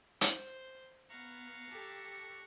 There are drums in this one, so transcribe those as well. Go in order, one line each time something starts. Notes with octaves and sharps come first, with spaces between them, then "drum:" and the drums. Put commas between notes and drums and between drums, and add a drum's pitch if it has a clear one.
C5, drum: hi-hat
B3 F5 F#5 A#5 C#6
G4 A4